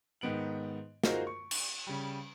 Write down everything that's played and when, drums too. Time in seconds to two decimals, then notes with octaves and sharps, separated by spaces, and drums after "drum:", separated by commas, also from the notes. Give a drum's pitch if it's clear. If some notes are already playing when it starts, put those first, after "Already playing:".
0.21 G#2 D#3 B3 D7 F#7
1.04 D#4 F4 F#4 G#4 A#4 C5, drum: snare
1.27 C#6
1.51 drum: cymbal
1.87 C#3 G3